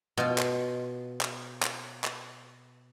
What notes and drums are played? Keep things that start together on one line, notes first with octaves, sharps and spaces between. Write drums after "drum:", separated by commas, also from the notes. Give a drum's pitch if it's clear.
B2 F4
drum: clap
drum: clap
drum: clap
drum: clap